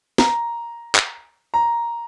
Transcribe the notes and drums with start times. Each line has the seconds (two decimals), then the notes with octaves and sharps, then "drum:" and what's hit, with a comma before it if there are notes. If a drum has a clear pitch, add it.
0.18 A#5, drum: snare
0.95 drum: clap
1.54 A#5